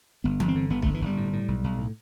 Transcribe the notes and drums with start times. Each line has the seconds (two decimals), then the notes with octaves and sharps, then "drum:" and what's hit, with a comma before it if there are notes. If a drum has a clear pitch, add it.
0.24 G1 B3
0.40 G1, drum: tom E3
0.48 C4
0.56 D3
0.70 G1 B3
0.82 A3, drum: kick B1
0.86 G1
0.94 E3
1.02 G1 G3
1.17 A2
1.33 A2
1.48 B1
1.64 B1
1.79 A2